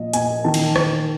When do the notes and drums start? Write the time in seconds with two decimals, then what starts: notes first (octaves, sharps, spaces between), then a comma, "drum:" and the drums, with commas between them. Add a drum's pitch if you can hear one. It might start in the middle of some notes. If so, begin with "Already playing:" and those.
Already playing: A#2 F3 D#5
0.13 A#2 G#5, drum: hi-hat
0.44 D#3 A5
0.54 drum: cymbal
0.76 D#3, drum: rim click